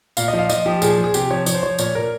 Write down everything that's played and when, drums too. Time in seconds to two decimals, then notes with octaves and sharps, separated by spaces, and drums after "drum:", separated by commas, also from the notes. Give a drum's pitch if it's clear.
0.17 A#2 F5, drum: tambourine
0.28 D#5
0.33 F3
0.39 F5
0.50 F3 D#5, drum: tambourine
0.66 F3 G4
0.82 A#2 G#4, drum: tambourine
0.98 F3
1.04 G#4
1.14 C3 G4, drum: tambourine
1.30 F3 C#5
1.46 F3 C#5, drum: tambourine
1.55 C5
1.63 F3 C#5
1.79 A#2 C#5, drum: tambourine
1.95 A#2 A#4